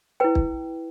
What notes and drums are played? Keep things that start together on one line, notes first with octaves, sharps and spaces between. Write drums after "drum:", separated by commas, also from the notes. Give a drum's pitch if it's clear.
E4 B4 G5
drum: kick